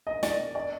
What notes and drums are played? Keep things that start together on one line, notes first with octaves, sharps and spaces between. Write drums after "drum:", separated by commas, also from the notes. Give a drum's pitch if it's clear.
D#5
D5, drum: snare
D5